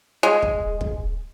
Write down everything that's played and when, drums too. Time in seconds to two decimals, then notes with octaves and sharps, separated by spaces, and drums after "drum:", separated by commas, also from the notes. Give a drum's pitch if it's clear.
0.23 G#3
0.42 drum: kick
0.81 drum: kick